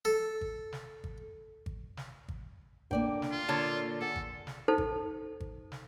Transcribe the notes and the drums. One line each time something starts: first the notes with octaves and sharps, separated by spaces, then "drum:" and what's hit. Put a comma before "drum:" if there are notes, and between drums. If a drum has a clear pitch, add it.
A4
drum: kick G#1
drum: snare
drum: kick G#1
drum: kick G#1
drum: snare
drum: kick G#1
D3 A#3 D5 G5, drum: kick G#1
drum: snare
F4
A#2 D3 C#5 A5
G#4 A4 F#5
drum: kick G#1
drum: snare
D#4 A4 C5
drum: kick G#1
drum: kick G#1
drum: snare